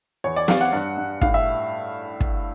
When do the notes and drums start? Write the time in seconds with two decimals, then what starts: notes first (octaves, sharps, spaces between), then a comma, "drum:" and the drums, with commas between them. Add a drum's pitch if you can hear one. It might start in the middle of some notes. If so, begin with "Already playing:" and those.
0.24 E2 C#5
0.36 D5
0.48 E2 F5, drum: snare
0.61 F#5
0.73 G2
0.98 G2
1.21 A2 F5, drum: kick
1.34 E5
2.20 drum: kick